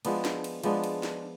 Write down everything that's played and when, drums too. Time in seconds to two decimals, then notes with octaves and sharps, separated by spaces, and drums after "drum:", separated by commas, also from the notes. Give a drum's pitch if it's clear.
0.05 F3 G#3 B3 D4, drum: cymbal
0.25 drum: snare
0.44 drum: cymbal
0.63 F3 G#3 B3 D4, drum: cymbal
0.84 drum: cymbal
1.03 drum: snare